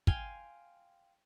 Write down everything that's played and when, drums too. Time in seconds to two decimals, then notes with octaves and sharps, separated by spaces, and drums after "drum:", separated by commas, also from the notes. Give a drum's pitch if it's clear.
0.07 F5 G5 G#5 C6, drum: kick